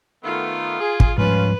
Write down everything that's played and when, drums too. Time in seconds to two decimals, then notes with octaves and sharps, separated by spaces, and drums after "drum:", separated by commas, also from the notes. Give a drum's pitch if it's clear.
0.24 D#3 A3 B3 F4
0.80 G#4
1.00 drum: kick
1.18 G#2 F3 G3 C#4 F4 B4